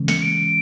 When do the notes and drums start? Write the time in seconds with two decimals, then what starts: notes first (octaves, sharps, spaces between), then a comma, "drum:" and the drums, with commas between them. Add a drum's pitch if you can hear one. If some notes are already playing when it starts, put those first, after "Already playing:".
Already playing: C#3 E3 G#3 C#4
0.08 C#7, drum: snare
0.22 D7